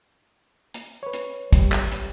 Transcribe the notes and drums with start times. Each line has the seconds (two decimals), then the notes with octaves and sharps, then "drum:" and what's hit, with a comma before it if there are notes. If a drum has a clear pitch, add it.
0.74 drum: hi-hat
1.03 B4 C#5
1.13 drum: hi-hat
1.53 G3, drum: kick, hi-hat
1.72 drum: clap
1.92 drum: hi-hat